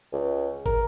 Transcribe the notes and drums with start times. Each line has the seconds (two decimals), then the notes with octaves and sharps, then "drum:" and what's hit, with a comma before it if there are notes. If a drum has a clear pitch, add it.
0.13 C#2
0.66 A#4, drum: kick